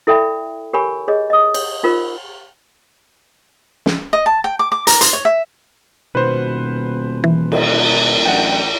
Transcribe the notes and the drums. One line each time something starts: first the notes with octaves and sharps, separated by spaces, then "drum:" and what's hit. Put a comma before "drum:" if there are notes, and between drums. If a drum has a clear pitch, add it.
E4 A4 D5 E5 G5 B5
G4 A#4 C#5 G#5 B5 C#6
G#4 C#5 D#5
D#5 D#6
C#5, drum: cymbal
D#4 F4 A#4 C5
drum: snare
D#5
A5
G5
D6
D6
A#4, drum: hi-hat
C6, drum: hi-hat
C#5
E5
D#1 B2 D#3 F#4 B4 C5
E3
drum: cymbal
A1 F#3 D4 F#5 G5